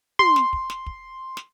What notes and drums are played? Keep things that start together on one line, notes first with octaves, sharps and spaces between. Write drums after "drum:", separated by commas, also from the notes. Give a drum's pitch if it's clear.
C6, drum: tom
drum: snare
drum: kick
drum: snare
drum: kick
drum: snare